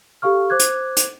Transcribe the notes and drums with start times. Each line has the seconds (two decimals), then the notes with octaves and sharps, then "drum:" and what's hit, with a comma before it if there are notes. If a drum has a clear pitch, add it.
0.22 G4 A4 F5 C#6 F6
0.50 C5 D6 F#6 G#6
0.59 drum: hi-hat
0.97 drum: hi-hat